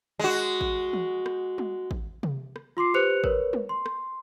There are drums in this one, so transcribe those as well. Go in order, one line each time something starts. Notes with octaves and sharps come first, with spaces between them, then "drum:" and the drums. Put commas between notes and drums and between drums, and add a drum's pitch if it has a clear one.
G#3 F#4
drum: kick
drum: tom E3
drum: rim click
drum: tom G3
drum: kick
drum: tom C3
drum: rim click
F4 C6 D6 C7
G4 B4 C5 F#6 C#7 F7
A#4 B4 C#5, drum: kick
drum: tom G3
C6
drum: rim click